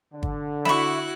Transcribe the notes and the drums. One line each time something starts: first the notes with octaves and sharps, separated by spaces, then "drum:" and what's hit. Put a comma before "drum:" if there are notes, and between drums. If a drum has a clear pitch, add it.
D3
drum: kick
E4 F#4 E5 B5 C#6 F#6, drum: snare